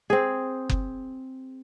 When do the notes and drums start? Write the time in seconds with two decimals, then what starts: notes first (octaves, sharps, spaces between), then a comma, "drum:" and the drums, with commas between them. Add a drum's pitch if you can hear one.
0.10 C4 G#4
0.69 drum: kick F#1